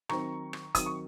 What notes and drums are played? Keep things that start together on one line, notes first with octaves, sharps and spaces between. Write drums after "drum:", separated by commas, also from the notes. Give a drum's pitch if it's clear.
D#3 F#3 C4 A#5 C#6, drum: rim click
drum: rim click
D#3 F#3 C4 D#6, drum: kick, hi-hat
C#6